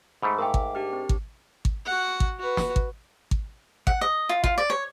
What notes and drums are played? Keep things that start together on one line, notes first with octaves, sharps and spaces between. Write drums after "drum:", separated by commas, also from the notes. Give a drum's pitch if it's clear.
G#2 A3 B5
A#4 E5 F5 G5 D6
drum: kick G#1
D4 G4 F6
C4
drum: kick G#1
drum: kick G#1
F#4 F#5
drum: kick G#1
F#4 B4
drum: snare
drum: kick G#1
drum: kick G#1
F#5, drum: kick G#1
D#5
F4
F4, drum: kick G#1
D5
C#5